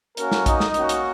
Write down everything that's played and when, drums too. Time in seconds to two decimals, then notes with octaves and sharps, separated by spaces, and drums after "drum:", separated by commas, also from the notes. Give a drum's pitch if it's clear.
0.17 A#3 C#4 F#4 A#4, drum: hi-hat
0.32 drum: snare
0.46 D#4 D#5, drum: kick A#1, hi-hat
0.60 drum: snare
0.74 A#3 C#4 F#4, drum: hi-hat
0.89 drum: hi-hat